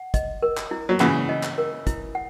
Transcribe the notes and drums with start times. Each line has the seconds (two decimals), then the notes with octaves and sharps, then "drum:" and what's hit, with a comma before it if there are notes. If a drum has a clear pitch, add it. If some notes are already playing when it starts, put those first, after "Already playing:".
Already playing: F#5
0.14 D#5, drum: kick, hi-hat
0.42 A#4
0.57 drum: clap
0.71 E4
0.89 F#3
1.00 C#3 E3 F#5, drum: clap
1.29 D#5
1.43 drum: clap
1.58 A#4
1.87 E4, drum: kick, hi-hat
2.15 F#5